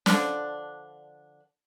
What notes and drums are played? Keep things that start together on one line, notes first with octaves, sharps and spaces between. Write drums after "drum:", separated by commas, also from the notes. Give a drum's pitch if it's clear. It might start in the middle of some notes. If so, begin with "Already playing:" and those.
D3 F3 D4, drum: snare